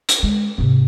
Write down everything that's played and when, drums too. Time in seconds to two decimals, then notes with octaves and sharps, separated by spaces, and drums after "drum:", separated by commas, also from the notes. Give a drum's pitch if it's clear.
0.09 drum: hi-hat
0.23 G#3
0.58 G#2 C3